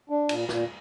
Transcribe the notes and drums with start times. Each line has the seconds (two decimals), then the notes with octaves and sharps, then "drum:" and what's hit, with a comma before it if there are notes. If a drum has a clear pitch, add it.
0.09 D4
0.29 A#2, drum: cymbal
0.49 A#2, drum: snare